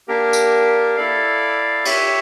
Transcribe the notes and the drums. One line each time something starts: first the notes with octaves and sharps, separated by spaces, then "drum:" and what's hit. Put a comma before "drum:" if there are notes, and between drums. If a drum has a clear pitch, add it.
A#3 D4 G4 A#4
drum: tambourine
E4 A4 D5 F5
G4 C#5 E5, drum: cymbal